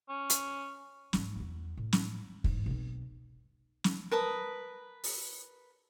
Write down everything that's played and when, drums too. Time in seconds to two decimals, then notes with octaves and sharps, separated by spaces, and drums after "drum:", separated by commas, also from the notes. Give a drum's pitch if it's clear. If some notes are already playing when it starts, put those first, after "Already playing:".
0.09 C#4
0.30 drum: hi-hat
1.13 G#2 G#3, drum: snare
1.36 E2 B3
1.77 A2
1.93 drum: snare
2.44 E2 G#2, drum: kick
2.66 B1 C4
3.84 drum: snare
4.11 A#4 B4 A5 D#6
5.04 drum: open hi-hat